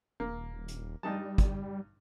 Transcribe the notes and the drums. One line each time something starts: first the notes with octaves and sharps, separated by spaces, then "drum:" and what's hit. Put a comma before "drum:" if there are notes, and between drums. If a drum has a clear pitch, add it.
D#1 A#3
drum: hi-hat
G2 G3 D#4 A5
drum: kick, hi-hat